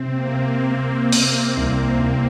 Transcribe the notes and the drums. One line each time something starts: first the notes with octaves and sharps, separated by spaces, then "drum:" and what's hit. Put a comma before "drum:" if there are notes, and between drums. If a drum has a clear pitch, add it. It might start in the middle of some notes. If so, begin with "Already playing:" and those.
Already playing: C3 C4
A#3
C3
C3 C4
C3, drum: open hi-hat
C2
C2